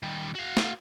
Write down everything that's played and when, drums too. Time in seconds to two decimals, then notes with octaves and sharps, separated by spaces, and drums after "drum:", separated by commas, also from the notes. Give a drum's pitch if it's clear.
0.03 D#3 G3
0.35 F#4 F5
0.57 drum: snare